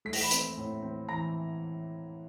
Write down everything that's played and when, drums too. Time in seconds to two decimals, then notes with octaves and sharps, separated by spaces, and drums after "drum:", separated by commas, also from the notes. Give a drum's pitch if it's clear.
0.05 A3 B6
0.13 A#6, drum: open hi-hat
0.21 B5 B6
0.31 C4, drum: hi-hat
0.57 A2
0.82 C4
1.09 E3 A#5 A#6